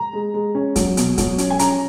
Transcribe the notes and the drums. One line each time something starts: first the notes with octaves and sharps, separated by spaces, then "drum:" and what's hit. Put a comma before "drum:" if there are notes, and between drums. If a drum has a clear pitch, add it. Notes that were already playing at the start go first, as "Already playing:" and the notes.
Already playing: A#5
G#3
G#3
C#4
F#3, drum: kick C#1, hi-hat
B2, drum: hi-hat
F#3, drum: kick C#1, hi-hat
C#4, drum: hi-hat
G#5
C#4 A#5, drum: hi-hat